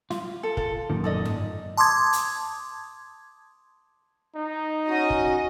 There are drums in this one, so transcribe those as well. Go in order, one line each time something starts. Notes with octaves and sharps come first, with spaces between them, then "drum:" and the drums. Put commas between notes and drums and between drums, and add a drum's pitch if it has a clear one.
F4, drum: snare
A4
A4, drum: kick F1
F#2 A#2 D#3
A4 D5 D#5
drum: tom G2
A5 C6 D6 D#6 G#6
drum: hi-hat
D#4
C#4 F#4 D#5
drum: kick F1